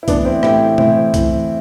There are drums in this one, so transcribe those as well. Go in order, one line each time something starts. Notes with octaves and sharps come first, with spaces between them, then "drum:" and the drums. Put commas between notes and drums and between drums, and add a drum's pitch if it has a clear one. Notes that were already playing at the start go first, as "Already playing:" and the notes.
E4
A2 E3 B3 D4, drum: kick C2, hi-hat
C4 E4
A2 E3 E4 G4, drum: rim click
A2 E3 C4 E4, drum: tom B2
A2 E3, drum: kick C2, hi-hat